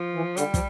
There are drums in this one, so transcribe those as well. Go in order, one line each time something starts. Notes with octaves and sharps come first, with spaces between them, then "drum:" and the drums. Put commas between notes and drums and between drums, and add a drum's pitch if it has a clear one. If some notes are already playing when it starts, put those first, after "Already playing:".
Already playing: F3
E3
D3 G3, drum: hi-hat
F3, drum: kick, hi-hat